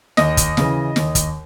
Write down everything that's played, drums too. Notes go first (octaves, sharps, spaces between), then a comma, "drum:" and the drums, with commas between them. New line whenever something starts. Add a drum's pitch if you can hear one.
D#2 D#5, drum: snare
drum: kick, hi-hat
C#3 E3, drum: snare
D#2, drum: snare
drum: kick, hi-hat